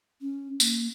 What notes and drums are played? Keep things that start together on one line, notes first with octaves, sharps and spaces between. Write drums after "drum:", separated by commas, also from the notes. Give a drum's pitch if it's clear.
C#4
A#3, drum: tambourine